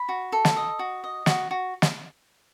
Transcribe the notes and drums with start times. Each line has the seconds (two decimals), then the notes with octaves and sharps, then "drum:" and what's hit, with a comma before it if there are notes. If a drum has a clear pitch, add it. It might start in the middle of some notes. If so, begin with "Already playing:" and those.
Already playing: B5
0.09 F#4
0.32 A4
0.45 drum: snare
0.57 D#5
0.79 F#4
1.04 D#5
1.26 F#4, drum: snare
1.51 F#4
1.82 drum: snare